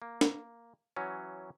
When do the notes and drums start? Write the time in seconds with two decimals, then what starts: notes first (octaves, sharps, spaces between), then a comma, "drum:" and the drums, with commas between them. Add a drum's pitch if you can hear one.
0.02 A#3
0.21 drum: snare
0.96 E3 F#3 C#4